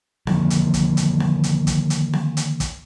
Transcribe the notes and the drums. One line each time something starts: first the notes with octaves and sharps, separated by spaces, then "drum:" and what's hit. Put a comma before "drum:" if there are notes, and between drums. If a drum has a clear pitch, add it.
D3 D#3 F3 A#3, drum: snare C4
drum: hi-hat
drum: kick, hi-hat
drum: hi-hat
drum: snare C4
drum: hi-hat
drum: kick, hi-hat
drum: hi-hat
drum: snare C4
drum: hi-hat
drum: kick, hi-hat